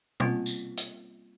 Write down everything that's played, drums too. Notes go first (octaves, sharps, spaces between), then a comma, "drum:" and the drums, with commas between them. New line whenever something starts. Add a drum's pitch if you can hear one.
G3 A#3 C4 C#4 F4, drum: tom
drum: tambourine
drum: hi-hat